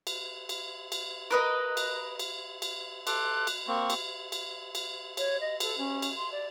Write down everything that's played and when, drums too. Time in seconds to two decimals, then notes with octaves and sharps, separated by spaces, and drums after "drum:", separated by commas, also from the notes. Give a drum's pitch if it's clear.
0.07 drum: cymbal
0.49 drum: cymbal
0.92 drum: cymbal
1.31 A#4 B4 D#5
1.77 drum: cymbal
2.19 drum: cymbal
2.62 drum: cymbal
3.07 A4 C6 D6 F#6, drum: cymbal
3.47 drum: cymbal
3.68 A#3 C4 C#6
3.90 drum: cymbal
4.32 drum: cymbal
4.75 drum: cymbal
5.17 C#5, drum: cymbal
5.40 D#5
5.60 A4, drum: cymbal
5.77 C#4
6.02 drum: cymbal
6.16 C6
6.31 D5